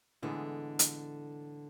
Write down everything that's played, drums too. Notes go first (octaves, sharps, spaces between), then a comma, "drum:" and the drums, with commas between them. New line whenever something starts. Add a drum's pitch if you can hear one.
A2 D3 E3 G#3 B3
drum: hi-hat